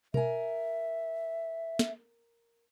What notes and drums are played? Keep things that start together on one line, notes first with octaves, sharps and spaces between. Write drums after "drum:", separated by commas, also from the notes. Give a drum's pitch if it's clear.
A#4 E5 G#5, drum: tom B2
drum: snare